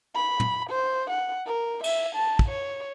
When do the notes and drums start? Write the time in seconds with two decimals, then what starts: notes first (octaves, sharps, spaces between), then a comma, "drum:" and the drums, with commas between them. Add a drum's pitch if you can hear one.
0.15 B5
0.40 drum: tom
0.69 C5
1.10 F#5
1.46 A#4
1.84 E5, drum: cymbal
2.15 A5
2.39 drum: kick
2.49 C#5